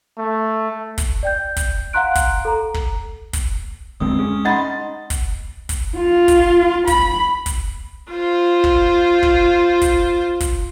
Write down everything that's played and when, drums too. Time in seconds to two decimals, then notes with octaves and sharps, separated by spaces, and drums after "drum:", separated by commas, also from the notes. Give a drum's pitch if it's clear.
0.18 A3
0.98 drum: kick, hi-hat
1.23 D5 G5 G6
1.57 drum: kick, hi-hat
1.93 F5 F#5 A#5 C6 F#6 D7
2.15 drum: kick, hi-hat
2.45 A4 A#5
2.74 drum: kick
3.33 drum: kick, hi-hat
4.00 F#1 D2 G#3 C4 D#6
4.19 C#4 G#4
4.45 D#4 F#5 B5 C6 A6
5.10 drum: kick, hi-hat
5.69 drum: kick, hi-hat
5.96 F4
6.28 drum: kick, hi-hat
6.87 B5, drum: kick, hi-hat
7.46 drum: kick, hi-hat
8.11 F4 C5
8.64 drum: kick
9.23 drum: kick
9.82 drum: kick, hi-hat
10.40 drum: kick, hi-hat